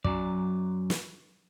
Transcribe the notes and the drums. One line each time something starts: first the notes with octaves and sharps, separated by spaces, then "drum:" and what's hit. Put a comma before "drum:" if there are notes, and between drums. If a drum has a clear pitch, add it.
F#2 F#3 D5, drum: kick
drum: snare